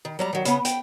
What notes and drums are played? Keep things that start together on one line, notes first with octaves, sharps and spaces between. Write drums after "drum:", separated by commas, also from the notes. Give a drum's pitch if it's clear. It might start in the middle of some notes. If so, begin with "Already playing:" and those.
D#3
F#3 G3 A#5
D#3 F#3
C#3 B3, drum: hi-hat
G5, drum: hi-hat